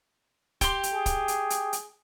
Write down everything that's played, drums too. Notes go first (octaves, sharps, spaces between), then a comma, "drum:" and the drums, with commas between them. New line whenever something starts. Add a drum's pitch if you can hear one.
G4 C6, drum: kick, hi-hat
drum: hi-hat
G#4
drum: kick, hi-hat
drum: hi-hat
drum: hi-hat
drum: hi-hat